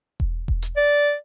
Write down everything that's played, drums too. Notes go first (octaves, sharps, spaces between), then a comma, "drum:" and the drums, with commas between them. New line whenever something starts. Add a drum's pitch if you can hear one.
drum: kick E1
drum: kick E1
drum: hi-hat
D5